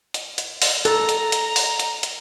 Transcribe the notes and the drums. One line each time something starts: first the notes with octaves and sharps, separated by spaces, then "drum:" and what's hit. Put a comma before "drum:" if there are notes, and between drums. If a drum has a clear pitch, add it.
drum: hi-hat
drum: hi-hat
drum: open hi-hat
A4 A#5, drum: hi-hat
drum: hi-hat
drum: hi-hat
drum: open hi-hat
drum: hi-hat
drum: hi-hat